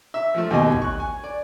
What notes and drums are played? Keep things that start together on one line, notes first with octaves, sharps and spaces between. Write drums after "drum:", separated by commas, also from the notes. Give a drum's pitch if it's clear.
E5
F3 A3
D#2 B2 G4 D#5 G#5
drum: kick
C#6 F#6
G#5
D5